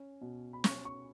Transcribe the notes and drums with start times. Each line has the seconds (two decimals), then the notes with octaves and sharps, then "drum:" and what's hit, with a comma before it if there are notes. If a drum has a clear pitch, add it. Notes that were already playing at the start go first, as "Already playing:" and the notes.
Already playing: C#4
0.21 B2
0.53 B5
0.64 C#4 C#6, drum: snare
0.85 C#6